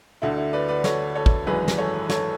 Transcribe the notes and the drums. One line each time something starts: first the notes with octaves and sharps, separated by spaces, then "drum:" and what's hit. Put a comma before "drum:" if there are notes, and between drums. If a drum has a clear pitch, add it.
D2 D3 A3 E4
E4
B4 D5
B4 D5
A4 C#5, drum: snare
A4 C#5
drum: kick
G#1 F#2 E3 G#3 G#4 B4
drum: snare
A4 C#5
A4 C#5, drum: snare